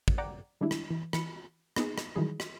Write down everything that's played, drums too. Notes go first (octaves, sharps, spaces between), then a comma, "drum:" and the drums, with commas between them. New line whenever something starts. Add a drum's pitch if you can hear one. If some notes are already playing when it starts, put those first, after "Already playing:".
drum: kick
D5 F#5 G5 A#5 D6
D#3 G3 G#3 D4 E4
drum: rim click
E3
E3 B5 C#7, drum: rim click
A#3 B3 D#4 G#4, drum: rim click
drum: rim click
D#3 E3 F#3 G3 G#4
drum: rim click